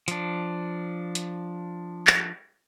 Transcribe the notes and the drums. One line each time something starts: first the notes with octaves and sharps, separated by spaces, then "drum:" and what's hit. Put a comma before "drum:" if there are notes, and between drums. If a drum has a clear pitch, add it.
F3 D4, drum: hi-hat
drum: hi-hat
drum: clap